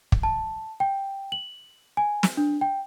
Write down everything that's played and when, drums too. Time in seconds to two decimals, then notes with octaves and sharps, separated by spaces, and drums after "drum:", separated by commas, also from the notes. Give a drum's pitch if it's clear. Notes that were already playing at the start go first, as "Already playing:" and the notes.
0.12 drum: kick
0.23 A5
0.80 G5
1.32 F#7
1.97 G#5
2.23 drum: snare
2.37 D4
2.61 G5